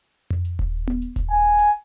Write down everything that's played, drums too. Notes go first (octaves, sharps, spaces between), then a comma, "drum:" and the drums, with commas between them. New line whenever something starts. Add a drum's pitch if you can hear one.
drum: tom F2
drum: hi-hat
drum: kick D#1
drum: tom B3
drum: hi-hat
drum: kick D#1, hi-hat
G#5
drum: hi-hat